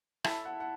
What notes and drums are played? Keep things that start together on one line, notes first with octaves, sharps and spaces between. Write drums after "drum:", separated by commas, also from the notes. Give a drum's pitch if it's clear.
E4 A4 C#5 E5, drum: rim click
F#5
F#5